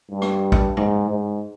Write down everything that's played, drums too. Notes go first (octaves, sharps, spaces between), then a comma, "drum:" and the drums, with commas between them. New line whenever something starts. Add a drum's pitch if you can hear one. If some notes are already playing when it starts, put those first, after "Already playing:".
G2
drum: rim click
drum: kick
G#2, drum: tom G2
G#2